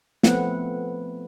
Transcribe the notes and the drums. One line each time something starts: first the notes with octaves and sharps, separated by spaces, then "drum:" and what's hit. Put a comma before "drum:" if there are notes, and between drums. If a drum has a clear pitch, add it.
F3 A3 B3 C4 F#5, drum: snare